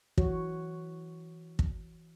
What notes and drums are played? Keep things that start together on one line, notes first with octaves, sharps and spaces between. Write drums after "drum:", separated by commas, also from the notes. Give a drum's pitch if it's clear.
E3 F#4 C#5, drum: kick
drum: kick